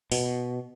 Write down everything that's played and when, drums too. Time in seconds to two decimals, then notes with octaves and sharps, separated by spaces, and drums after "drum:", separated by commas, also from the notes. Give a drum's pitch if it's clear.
0.12 B2, drum: open hi-hat